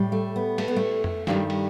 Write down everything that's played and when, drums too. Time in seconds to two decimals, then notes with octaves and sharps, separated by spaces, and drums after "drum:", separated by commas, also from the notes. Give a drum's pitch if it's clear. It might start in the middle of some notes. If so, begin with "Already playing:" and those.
Already playing: A2 G3
0.12 A3
0.36 B3
0.58 A3, drum: cymbal
0.68 B3
0.76 A3
1.04 drum: tom F2
1.27 G2 D#3 G3, drum: snare
1.50 drum: cymbal